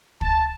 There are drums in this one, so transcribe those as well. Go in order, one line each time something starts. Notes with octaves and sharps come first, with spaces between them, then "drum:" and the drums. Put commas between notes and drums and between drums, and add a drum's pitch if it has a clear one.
A5, drum: kick